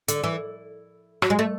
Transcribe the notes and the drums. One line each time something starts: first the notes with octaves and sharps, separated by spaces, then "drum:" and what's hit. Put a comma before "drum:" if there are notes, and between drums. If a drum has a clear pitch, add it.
D3, drum: hi-hat
E3
F#3, drum: rim click
G#3
A3